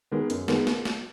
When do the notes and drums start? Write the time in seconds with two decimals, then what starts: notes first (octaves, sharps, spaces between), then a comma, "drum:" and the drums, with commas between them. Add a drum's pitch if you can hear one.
0.12 D#3 G#3 B3
0.30 F#2, drum: hi-hat
0.48 D#3 G#3 B3, drum: snare
0.67 drum: snare
0.85 drum: snare